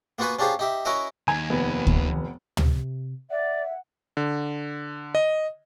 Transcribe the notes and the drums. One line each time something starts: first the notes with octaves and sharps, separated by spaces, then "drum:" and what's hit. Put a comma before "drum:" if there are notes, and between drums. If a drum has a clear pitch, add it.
A#3 B3 F4 F#4 B4 G#5
C#4 D4 F4 G4 G#4 C5
D#4 G4 E5
C#4 E4 F#4 A#4 D#5 E5
D#2 D#3 G#5
F1 B3
drum: kick
C3, drum: tom
D5 E5 F#5
D3
D#5